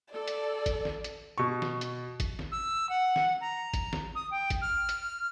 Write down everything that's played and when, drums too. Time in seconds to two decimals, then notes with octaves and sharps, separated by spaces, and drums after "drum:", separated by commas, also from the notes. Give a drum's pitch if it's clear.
0.13 A4 D5
0.28 drum: hi-hat
0.66 drum: kick G#1, hi-hat
0.85 drum: snare
1.04 drum: hi-hat
1.38 B2 C#6
1.62 drum: snare
1.81 drum: hi-hat
2.20 drum: kick G#1, hi-hat
2.39 drum: snare
2.52 E6
2.89 F#5
3.16 drum: snare
3.41 A#5
3.74 drum: kick G#1, hi-hat
3.93 drum: snare
4.15 D#6
4.31 G5
4.50 drum: kick G#1, hi-hat
4.62 F6
4.89 drum: hi-hat